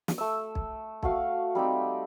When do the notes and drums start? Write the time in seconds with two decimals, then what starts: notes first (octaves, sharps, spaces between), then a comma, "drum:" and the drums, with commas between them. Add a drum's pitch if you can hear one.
0.08 drum: snare
0.18 A3 E6
0.55 drum: kick B1
1.03 A3 F#4 F5, drum: kick B1
1.55 G3 C4 D#4 G4